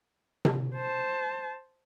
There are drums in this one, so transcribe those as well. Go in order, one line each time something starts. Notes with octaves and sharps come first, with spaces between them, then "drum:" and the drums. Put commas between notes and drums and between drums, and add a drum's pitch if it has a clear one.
drum: tom C3
C5 A5